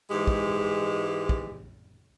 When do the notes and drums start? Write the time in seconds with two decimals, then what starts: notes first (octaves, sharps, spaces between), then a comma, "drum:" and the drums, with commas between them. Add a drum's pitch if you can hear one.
0.10 G#2 E3 G#3 G4
0.27 drum: kick
1.29 drum: kick